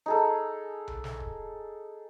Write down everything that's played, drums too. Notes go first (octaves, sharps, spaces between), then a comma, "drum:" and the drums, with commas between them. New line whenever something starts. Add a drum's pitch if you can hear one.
D#4 G#4 A4
drum: tom B1
drum: snare
drum: kick D#1